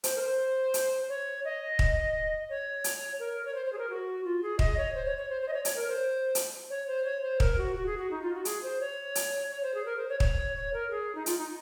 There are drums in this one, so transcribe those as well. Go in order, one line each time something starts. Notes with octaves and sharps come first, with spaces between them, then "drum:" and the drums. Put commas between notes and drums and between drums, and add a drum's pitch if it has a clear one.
C5, drum: hi-hat
A#4
C5
drum: hi-hat
C#5
D#5
drum: kick
C#5
drum: hi-hat
A#4
C#5
C5
C5
G#4
A#4
F#4
F4
G#4
D#5, drum: kick
C#5
C5
C#5
C#5
C5
C5
D#5
C#5
C#5, drum: hi-hat
A#4
C5
drum: hi-hat
C#5
C5
C#5
C5
A#4, drum: kick
F#4
F#4
G#4
F#4
D#4
F4
F#4
G#4, drum: hi-hat
C5
C#5
drum: hi-hat
C#5
C5
G#4
A#4
C5
C#5
C#5, drum: kick
C#5
A#4
G#4
D#4
F4, drum: hi-hat
D#4